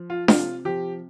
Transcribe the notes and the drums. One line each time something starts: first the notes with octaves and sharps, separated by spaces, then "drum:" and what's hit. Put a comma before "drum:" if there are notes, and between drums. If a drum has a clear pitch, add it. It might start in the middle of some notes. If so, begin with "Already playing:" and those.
Already playing: F3
F4
C3 F4, drum: snare D4
F3 G4